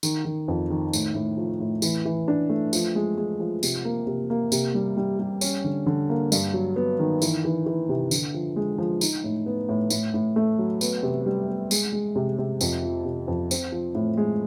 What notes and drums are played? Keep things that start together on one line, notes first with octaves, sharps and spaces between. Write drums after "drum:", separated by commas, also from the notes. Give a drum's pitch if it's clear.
D#3, drum: tambourine
D#3
F2
D#3
A2, drum: tambourine
A2
F3
A2
E3, drum: tambourine
E3
D4
A3
F3, drum: tambourine
G#3
G#3
F3
C3, drum: tambourine
A#3
C3
A#3
C3, drum: tambourine
G3
G3
G3
C#4, drum: tambourine
D3
D3
A#3
G2, drum: tambourine
F#3
B3
D#3
E3, drum: tambourine
E3
E3
C3
D3, drum: tambourine
F3
G#3
F3
D#4, drum: tambourine
A2
B3
A2
A2, drum: tambourine
A2
A3
F#3
B3, drum: tambourine
C3
G3
B3
G#3, drum: tambourine
G#3
C3
C3
F2, drum: tambourine
F3
C3
F2
C4, drum: tambourine
F3
A2
G#3